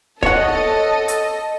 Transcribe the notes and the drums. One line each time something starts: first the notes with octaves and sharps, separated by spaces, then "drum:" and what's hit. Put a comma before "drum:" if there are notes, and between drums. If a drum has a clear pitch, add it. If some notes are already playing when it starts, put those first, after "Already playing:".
A4 C#5 D#5 F#5, drum: kick C#1
drum: hi-hat